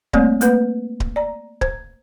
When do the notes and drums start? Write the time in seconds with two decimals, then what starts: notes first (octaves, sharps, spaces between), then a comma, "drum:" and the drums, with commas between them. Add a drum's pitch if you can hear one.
0.13 G3 A3 A#3 C4 C#5 D5, drum: kick D1
0.41 A3 A#3 B4, drum: hi-hat
1.00 drum: kick D1
1.16 D5 A#5
1.61 C5, drum: kick D1